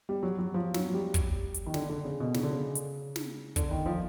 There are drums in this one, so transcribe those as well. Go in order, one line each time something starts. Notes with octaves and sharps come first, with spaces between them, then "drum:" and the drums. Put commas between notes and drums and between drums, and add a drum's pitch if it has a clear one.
G3
F#3
F#3
F3
F#3, drum: snare
G3
drum: kick, hi-hat
drum: hi-hat
D#3
D3, drum: snare
D3
C#3
B2
C#3, drum: snare
D3
C#3
drum: hi-hat
drum: snare
D3, drum: kick, hi-hat
D#3
F3